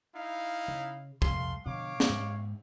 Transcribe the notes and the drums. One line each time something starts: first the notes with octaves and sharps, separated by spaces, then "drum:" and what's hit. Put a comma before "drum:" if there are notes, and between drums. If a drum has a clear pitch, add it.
D#4 E4 F5
C#3
C2 F2 G3 A3 F5 C6, drum: kick
B2 D3 F3 C#5 F5 D6
drum: snare
G#2